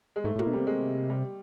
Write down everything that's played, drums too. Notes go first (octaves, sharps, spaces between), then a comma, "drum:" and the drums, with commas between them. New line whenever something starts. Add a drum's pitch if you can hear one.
G#3
G#2 A3
A2
A#3, drum: tom
B2
C3 G3
G#3
G3